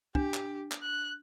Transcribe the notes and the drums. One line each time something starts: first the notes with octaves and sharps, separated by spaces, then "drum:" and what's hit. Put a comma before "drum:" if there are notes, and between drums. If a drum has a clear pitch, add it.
D4 G4, drum: kick
drum: clap
drum: clap
F#6